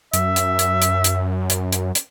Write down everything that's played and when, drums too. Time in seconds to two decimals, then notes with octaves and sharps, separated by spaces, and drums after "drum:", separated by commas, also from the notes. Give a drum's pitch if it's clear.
0.14 F#2 E5, drum: hi-hat
0.36 drum: hi-hat
0.59 drum: hi-hat
0.82 drum: hi-hat
1.04 drum: hi-hat
1.50 drum: hi-hat
1.73 drum: hi-hat
1.95 drum: hi-hat